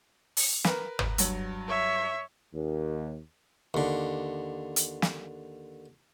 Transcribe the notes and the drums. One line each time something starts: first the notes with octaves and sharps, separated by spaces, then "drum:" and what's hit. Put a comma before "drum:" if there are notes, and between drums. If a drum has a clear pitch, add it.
drum: open hi-hat
A#4 B4, drum: snare
drum: tom
G2 F#3, drum: hi-hat
C#5 E5
D#2
D#2 D3
drum: hi-hat
drum: snare